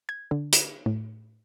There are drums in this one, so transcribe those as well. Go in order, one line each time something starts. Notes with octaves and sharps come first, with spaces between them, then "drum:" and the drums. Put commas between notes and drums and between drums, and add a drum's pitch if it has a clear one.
G#6
D3
drum: hi-hat
A2